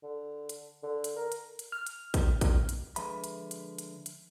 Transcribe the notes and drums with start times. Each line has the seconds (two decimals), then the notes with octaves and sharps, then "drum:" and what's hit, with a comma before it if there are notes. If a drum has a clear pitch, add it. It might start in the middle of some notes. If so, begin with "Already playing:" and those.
0.03 D3
0.49 drum: hi-hat
0.83 D3
1.04 drum: hi-hat
1.16 A#4
1.32 drum: hi-hat
1.59 drum: hi-hat
1.72 F6
1.87 drum: hi-hat
2.14 drum: kick, hi-hat
2.41 drum: kick, hi-hat
2.69 drum: hi-hat
2.96 D3 F3 G#3 B4 E5 B5, drum: hi-hat
3.24 drum: hi-hat
3.51 drum: hi-hat
3.78 drum: hi-hat
4.06 drum: hi-hat